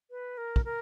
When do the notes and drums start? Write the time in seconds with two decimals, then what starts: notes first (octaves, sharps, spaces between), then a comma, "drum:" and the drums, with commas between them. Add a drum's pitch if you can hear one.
0.11 B4
0.38 A#4
0.56 drum: kick
0.65 A#4